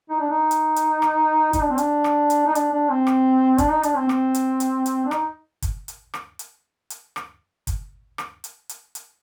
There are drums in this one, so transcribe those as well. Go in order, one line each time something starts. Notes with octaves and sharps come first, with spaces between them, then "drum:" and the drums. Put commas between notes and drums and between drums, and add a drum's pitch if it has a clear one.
D#4
D4
D#4
drum: hi-hat
drum: hi-hat
drum: rim click
D#4, drum: kick, hi-hat
D4
C4
D4, drum: hi-hat
drum: rim click
drum: hi-hat
D#4
D4, drum: hi-hat
D4
C4
drum: rim click
D4, drum: kick, hi-hat
D#4
D4, drum: hi-hat
C4
C4, drum: rim click
drum: hi-hat
drum: hi-hat
drum: hi-hat
D4
D#4, drum: rim click
drum: kick, hi-hat
drum: hi-hat
drum: rim click
drum: hi-hat
drum: hi-hat
drum: rim click
drum: kick, hi-hat
drum: rim click
drum: hi-hat
drum: hi-hat
drum: hi-hat